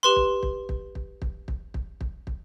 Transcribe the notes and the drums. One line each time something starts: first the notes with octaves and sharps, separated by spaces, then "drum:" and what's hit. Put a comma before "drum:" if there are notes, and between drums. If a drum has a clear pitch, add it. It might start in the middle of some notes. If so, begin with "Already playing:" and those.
G4 B4 C6
drum: kick
drum: kick
drum: kick
drum: kick
drum: kick
drum: kick
drum: kick
drum: kick
drum: kick